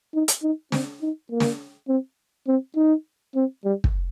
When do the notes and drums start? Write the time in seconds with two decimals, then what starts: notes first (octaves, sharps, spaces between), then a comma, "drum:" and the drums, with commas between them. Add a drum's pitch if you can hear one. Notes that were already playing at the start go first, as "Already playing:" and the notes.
0.14 D#4
0.28 drum: hi-hat
0.43 D#4
0.72 C4, drum: snare
1.02 D#4
1.31 A#3
1.40 drum: snare
1.88 C4
2.48 C4
2.76 D#4
3.35 C4
3.65 G3
3.84 drum: kick